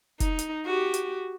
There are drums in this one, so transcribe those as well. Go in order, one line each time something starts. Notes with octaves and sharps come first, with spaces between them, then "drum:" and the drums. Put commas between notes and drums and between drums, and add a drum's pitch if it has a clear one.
D#4, drum: kick F1, hi-hat
drum: hi-hat
F#4 G4
drum: hi-hat